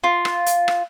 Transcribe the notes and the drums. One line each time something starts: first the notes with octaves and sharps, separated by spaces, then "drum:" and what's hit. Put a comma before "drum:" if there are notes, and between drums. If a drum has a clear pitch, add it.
F4
drum: rim click
drum: hi-hat
drum: rim click